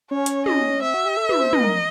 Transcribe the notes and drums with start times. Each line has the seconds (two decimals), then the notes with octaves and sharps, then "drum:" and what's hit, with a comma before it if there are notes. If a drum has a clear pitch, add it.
0.11 C#4 C#5
0.26 drum: hi-hat
0.46 D#5, drum: tom
0.82 C4 E5
0.94 F#4
1.05 G4
1.17 A4
1.29 B4, drum: tom
1.40 C5
1.53 B4 D#5, drum: tom
1.64 A#4